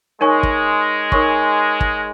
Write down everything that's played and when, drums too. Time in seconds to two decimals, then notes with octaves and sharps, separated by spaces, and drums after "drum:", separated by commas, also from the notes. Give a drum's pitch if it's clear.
0.20 G#3 D#4 A#4 C#5 G#5 C#6
0.43 drum: kick
1.12 D#4 A#4 C#5 G#5 C#6, drum: kick
1.81 drum: kick